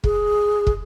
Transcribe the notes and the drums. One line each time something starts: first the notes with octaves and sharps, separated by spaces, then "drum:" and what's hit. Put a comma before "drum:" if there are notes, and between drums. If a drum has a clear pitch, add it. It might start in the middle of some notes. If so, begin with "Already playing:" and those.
G#4, drum: kick
drum: kick